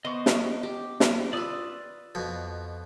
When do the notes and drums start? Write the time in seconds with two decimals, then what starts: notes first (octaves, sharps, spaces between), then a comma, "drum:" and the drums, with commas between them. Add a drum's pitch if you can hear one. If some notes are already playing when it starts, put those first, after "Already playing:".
0.05 B3 C5 D#5 C#6
0.26 drum: snare
0.63 G4
1.00 drum: snare
1.33 F4 B4 D5 D#6 E6
2.15 F2 B2